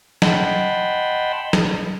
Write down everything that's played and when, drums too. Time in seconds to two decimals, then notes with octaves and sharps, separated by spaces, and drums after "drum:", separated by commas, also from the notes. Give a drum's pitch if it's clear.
0.22 D#5 F#5 G5 A5 B5 C6, drum: snare F#3
1.53 drum: snare F#3